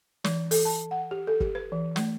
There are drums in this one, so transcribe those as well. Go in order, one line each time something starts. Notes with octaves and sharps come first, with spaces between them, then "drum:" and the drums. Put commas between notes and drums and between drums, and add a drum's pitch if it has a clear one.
E3, drum: snare
A4, drum: open hi-hat
A5
F#5
G4
A4
G4, drum: kick
B4
E3
A3, drum: snare